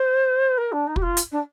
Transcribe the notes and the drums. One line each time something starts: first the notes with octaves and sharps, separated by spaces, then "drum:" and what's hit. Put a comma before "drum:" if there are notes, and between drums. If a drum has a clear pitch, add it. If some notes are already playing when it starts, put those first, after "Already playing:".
Already playing: C5
A#4
D4
D#4
G4, drum: kick
F4
drum: hi-hat
D4